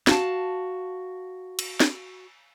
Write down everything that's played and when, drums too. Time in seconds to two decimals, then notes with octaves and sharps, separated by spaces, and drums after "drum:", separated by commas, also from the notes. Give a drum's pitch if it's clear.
0.07 F#4 F5 A5, drum: snare
1.59 drum: cymbal
1.80 drum: snare